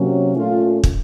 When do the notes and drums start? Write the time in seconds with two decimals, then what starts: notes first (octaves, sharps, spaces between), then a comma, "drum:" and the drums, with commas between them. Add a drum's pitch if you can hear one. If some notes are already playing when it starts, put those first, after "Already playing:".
Already playing: C3 F#3 A#3 C#4
0.36 A#2 A3 C#4 F4
0.84 drum: kick